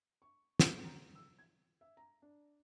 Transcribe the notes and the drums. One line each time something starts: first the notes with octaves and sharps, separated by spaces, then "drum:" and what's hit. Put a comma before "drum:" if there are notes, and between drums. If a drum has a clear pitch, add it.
C#6
E4, drum: snare
A#5
E6
G#6
E5
A#5
D4